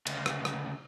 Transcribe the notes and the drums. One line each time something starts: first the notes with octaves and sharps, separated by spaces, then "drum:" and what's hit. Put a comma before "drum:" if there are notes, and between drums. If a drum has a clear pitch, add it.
D2 C#3, drum: cymbal
drum: rim click
drum: rim click